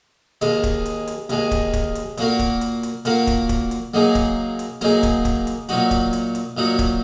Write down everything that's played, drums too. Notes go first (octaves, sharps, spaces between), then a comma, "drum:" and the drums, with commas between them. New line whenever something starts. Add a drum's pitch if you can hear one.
D#2 D#3 G#3, drum: hi-hat
drum: kick, hi-hat
drum: hi-hat
drum: hi-hat
D#2 D#3 G#3, drum: hi-hat
drum: kick, hi-hat
drum: kick, hi-hat
drum: hi-hat
A#2 A#3 F#4 A#4, drum: hi-hat
drum: kick, hi-hat
drum: hi-hat
drum: hi-hat
A#2 A#3 F#4 A#4, drum: hi-hat
drum: kick, hi-hat
drum: kick, hi-hat
drum: hi-hat
F#3 A#3 D#4 G#4
drum: kick, hi-hat
drum: hi-hat
F#3 A#3 D#4 G#4, drum: hi-hat
drum: kick, hi-hat
drum: kick, hi-hat
drum: hi-hat
A#2 F#3 D#4 F#4, drum: hi-hat
drum: kick, hi-hat
drum: hi-hat
drum: hi-hat
A#2 F#3 D#4 F#4
drum: kick, hi-hat